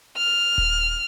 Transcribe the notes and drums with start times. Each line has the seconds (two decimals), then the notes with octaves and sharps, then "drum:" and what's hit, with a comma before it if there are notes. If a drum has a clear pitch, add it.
0.18 F6
0.58 drum: kick D#1